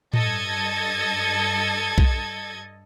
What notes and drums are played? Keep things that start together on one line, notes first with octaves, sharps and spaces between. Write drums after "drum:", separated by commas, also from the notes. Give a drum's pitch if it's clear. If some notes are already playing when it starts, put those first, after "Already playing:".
G2 A4 D#5 G#6 A6, drum: tom A2
drum: kick